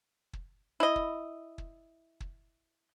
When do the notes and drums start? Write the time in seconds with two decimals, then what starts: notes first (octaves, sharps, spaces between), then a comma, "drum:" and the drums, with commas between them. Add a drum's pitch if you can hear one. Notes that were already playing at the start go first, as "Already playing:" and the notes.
0.33 drum: kick
0.80 E4 D#5
0.96 drum: kick
1.58 drum: kick
2.20 drum: kick